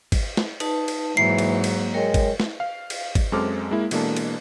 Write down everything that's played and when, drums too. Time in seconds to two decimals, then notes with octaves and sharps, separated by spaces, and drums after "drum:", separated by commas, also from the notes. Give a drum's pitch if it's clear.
0.12 drum: kick, cymbal
0.37 drum: snare
0.60 D#4 B4 A5, drum: cymbal
0.88 drum: cymbal
1.17 G#2 E3 F#3 A#3 C7
1.39 drum: cymbal
1.64 drum: cymbal
1.94 G#3 A#4 C#5 G5
2.14 drum: kick, cymbal
2.40 drum: snare
2.60 F5
2.90 drum: cymbal
3.15 drum: kick, cymbal
3.32 F#2 G#3 C4 A4 D6 F6
3.71 G#3 A#3 E4
3.91 B2 E3 G#3 A#3 D4 A4, drum: cymbal
4.16 drum: cymbal